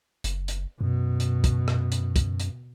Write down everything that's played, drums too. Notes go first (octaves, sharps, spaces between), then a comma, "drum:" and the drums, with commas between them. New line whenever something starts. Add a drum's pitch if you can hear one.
F#1, drum: hi-hat
drum: hi-hat
F#2 B2
drum: hi-hat
drum: kick, hi-hat
drum: rim click
drum: hi-hat
drum: kick, hi-hat
drum: hi-hat